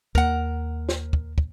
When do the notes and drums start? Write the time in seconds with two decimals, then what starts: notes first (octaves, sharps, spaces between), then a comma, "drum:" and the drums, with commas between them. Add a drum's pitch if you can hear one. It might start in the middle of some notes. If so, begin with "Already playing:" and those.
0.15 D#2 A#3 A#4 F#5, drum: kick
0.89 drum: snare
1.13 drum: kick
1.38 drum: kick